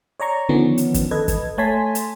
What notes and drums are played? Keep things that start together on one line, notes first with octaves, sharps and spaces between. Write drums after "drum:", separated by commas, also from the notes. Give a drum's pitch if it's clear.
C#5 D5 A#5 C#6
D3 D#3 F3 B3 C#4 D4
drum: hi-hat
drum: kick, hi-hat
A4 B4 D#5 G#6
drum: kick, hi-hat
A3 C#5 G#5 A5 C6 B6
drum: hi-hat